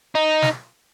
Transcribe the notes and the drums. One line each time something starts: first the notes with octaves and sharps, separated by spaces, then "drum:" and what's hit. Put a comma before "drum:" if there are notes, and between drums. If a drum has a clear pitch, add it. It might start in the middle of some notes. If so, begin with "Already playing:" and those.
D#4
drum: snare